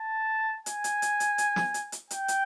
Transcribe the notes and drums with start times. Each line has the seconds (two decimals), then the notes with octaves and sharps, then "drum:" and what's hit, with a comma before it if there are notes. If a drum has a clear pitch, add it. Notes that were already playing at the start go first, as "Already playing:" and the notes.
Already playing: A5
0.66 G#5, drum: hi-hat
0.84 drum: hi-hat
1.02 drum: hi-hat
1.20 drum: hi-hat
1.38 drum: hi-hat
1.56 drum: snare
1.74 drum: hi-hat
1.92 drum: hi-hat
2.11 G5, drum: hi-hat
2.28 drum: hi-hat